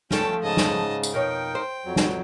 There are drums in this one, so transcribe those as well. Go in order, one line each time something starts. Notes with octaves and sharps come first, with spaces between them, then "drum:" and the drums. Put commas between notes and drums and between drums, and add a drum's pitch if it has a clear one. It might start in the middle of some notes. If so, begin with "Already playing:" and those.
F3 A3 C#4 A4 G5 A5, drum: snare
G#2 C#3 D#5 A5
drum: snare
drum: tambourine
F2 B2 D#4 A#4 C#5 G5
C5
F2 F#3
drum: snare